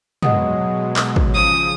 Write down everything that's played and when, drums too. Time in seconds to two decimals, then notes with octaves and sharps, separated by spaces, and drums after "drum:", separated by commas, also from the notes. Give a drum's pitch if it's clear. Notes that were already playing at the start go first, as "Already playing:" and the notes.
0.22 B2 F#3 G#3 D#5 F#5 D#6, drum: tom
0.96 drum: clap
1.16 drum: kick
1.34 C#3 F3 D#6